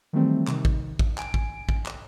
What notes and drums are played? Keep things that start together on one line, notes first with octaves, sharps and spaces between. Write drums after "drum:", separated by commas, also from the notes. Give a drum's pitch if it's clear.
D#3 E3 F#3 G3 A3 C4
C3 D#3, drum: clap
drum: kick A1
drum: kick A1
G#5 D7, drum: clap
drum: kick A1
drum: kick A1
drum: clap